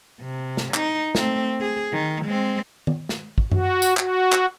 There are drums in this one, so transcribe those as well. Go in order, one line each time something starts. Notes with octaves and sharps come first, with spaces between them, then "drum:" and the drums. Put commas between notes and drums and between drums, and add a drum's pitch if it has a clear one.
C3
drum: snare
D#4, drum: clap
A3 C4, drum: snare
G#4
D#3
G#3 C4
drum: tom D#3
drum: snare
drum: kick
F#4, drum: tom F#2
drum: tambourine
F#4, drum: clap
drum: clap